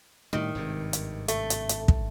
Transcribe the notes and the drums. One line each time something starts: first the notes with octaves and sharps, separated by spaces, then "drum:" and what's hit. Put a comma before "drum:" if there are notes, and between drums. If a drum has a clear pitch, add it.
A2 D#3 G3
G#1 G2 C3
drum: hi-hat
A3, drum: hi-hat
drum: hi-hat
drum: hi-hat
drum: kick